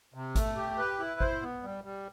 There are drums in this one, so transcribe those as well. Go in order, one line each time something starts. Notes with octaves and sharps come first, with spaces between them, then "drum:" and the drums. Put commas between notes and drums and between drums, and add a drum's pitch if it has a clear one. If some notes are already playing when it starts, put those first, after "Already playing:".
C3
A3, drum: kick G#1, hi-hat
G4
B4
E4
C5, drum: kick G#1
B3
G3
G3